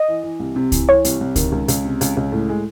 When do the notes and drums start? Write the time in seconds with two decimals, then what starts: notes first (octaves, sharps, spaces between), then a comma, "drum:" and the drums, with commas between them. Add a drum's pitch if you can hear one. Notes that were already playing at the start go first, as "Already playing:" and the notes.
Already playing: D#5
0.08 E3
0.23 E3
0.40 C2
0.56 C3
0.72 E3, drum: kick C#2, hi-hat
0.88 E3 C#5
1.05 C2, drum: hi-hat
1.21 C2
1.36 D#3, drum: kick C#2, hi-hat
1.52 C#2
1.68 C#2, drum: hi-hat
1.85 C3
2.01 C#2, drum: hi-hat
2.17 C#2
2.32 A2
2.49 G#3